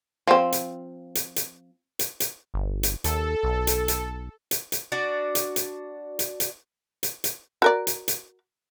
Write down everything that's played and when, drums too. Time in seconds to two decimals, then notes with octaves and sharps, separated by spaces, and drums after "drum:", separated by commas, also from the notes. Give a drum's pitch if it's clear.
0.27 F3 C4
0.52 drum: hi-hat
1.15 drum: hi-hat
1.36 drum: hi-hat
1.99 drum: hi-hat
2.20 drum: hi-hat
2.54 G1
2.83 drum: hi-hat
3.04 D#2 A4, drum: hi-hat
3.43 B1
3.67 drum: hi-hat
3.88 drum: hi-hat
4.51 drum: hi-hat
4.72 drum: hi-hat
4.92 D4 F#4 D5
5.35 drum: hi-hat
5.56 drum: hi-hat
6.19 drum: hi-hat
6.40 drum: hi-hat
7.03 drum: hi-hat
7.24 drum: hi-hat
7.62 F#4 A#4 D5
7.87 drum: hi-hat
8.08 drum: hi-hat